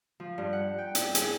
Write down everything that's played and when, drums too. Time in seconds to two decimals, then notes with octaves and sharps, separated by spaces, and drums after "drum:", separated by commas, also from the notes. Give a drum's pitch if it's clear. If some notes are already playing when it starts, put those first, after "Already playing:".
0.20 F3
0.38 G2
0.53 F#5
0.78 G5
0.95 G2, drum: hi-hat
1.15 G#4, drum: hi-hat